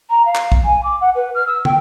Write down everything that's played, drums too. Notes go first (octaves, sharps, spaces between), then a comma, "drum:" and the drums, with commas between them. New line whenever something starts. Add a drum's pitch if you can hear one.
A#5
F5
drum: clap
drum: kick
G#5
D6
F#5
B4
F6
E6
G5, drum: tom